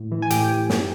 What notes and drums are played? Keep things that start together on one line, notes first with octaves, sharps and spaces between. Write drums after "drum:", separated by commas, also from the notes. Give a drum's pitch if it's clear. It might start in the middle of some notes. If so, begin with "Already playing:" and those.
Already playing: A2
E3
G#5
A2 G4 G5, drum: hi-hat
E3
F#2, drum: snare